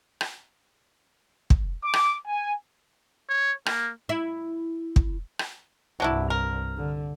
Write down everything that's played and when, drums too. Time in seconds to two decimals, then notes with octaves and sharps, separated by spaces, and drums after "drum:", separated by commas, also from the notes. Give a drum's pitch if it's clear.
0.21 drum: rim click
1.50 drum: kick
1.84 D6
1.94 drum: rim click
2.27 G#5
3.29 C#5
3.66 A#3, drum: rim click
4.09 E4
4.96 drum: kick
5.39 drum: rim click
6.00 C2 G2 F#3 D4 E4
6.30 A#4
6.77 D3